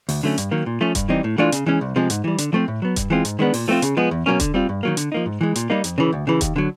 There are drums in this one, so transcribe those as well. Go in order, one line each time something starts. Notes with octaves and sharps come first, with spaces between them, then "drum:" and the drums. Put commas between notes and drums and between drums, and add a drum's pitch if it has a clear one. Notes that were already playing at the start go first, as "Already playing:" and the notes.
D2, drum: open hi-hat
D3 F#3 A3 C#4
G2, drum: hi-hat
D#3 F#3 A#3
A#2
F3 A3 C#4
G2, drum: kick E1, hi-hat
E3 G3 C4 D#4
A2
E3 A3 D4 F4
C#3, drum: hi-hat
E3 G#3 C#4
C2
C3 F3 G#3
G#2, drum: hi-hat
E3 G3
D3, drum: hi-hat
F3 A3 C4
A2
F#3 B3
G2, drum: kick E1, hi-hat
E3 G#3 C4 F4
G#2, drum: hi-hat
D#3 G#3 B3 D4
A#2, drum: open hi-hat
F3 A3 C4 F4
C#3, drum: hi-hat
F3 G#3 B3
E2
B2 F#3 A#3 C#4
D3, drum: kick E1, hi-hat
G3 C4 F4
G2
D#3 F#3 A#3
D3, drum: hi-hat
F3 A#3 D#4
G#2
E3 G#3
A#2, drum: hi-hat
G3 A#3 D#4
F2, drum: hi-hat
C#3 E3
D2
C#3 E3
D#2, drum: kick E1, hi-hat
D3 F#3